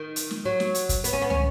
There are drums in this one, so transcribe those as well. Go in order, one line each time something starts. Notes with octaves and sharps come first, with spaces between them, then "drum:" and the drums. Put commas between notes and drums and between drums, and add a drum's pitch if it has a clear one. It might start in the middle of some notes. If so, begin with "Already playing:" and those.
Already playing: D#3
drum: hi-hat
drum: snare
F#3
drum: snare
drum: hi-hat
drum: kick, hi-hat
B3, drum: hi-hat
C#4
B3
C#4, drum: tom